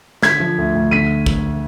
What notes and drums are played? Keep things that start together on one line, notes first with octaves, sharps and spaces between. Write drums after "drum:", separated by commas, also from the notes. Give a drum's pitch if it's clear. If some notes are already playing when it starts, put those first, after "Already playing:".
D3 G#6 B6, drum: snare
F3
D2
D2
D3 B6 D#7
drum: kick